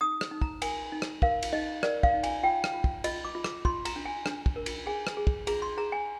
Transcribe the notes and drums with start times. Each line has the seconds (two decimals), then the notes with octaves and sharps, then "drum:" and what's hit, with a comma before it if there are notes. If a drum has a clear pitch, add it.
0.01 D#4 D#6
0.21 drum: rim click
0.31 D#4
0.41 A#5, drum: kick
0.62 A#4 G#5, drum: cymbal
0.92 D#4
1.02 drum: rim click
1.22 A#4 F5, drum: kick
1.43 drum: cymbal
1.53 D#4 D#5
1.83 A#4 D5, drum: rim click
2.03 F5, drum: kick
2.14 D#4
2.23 G#5, drum: cymbal
2.43 F4 G5
2.64 drum: rim click
2.74 F4
2.84 drum: kick
3.04 F4 D#5, drum: cymbal
3.25 D6
3.35 F4
3.44 D6, drum: rim click
3.65 F4 C6, drum: kick
3.85 A#5, drum: cymbal
3.96 D4
4.05 G#5
4.26 D4, drum: rim click
4.46 drum: kick
4.56 A#4
4.66 drum: cymbal
4.86 G#4 G#5
5.07 drum: rim click
5.17 G#4
5.27 drum: kick
5.47 G#4 A#5, drum: cymbal
5.62 C6
5.77 G#4 A#5
5.92 G#5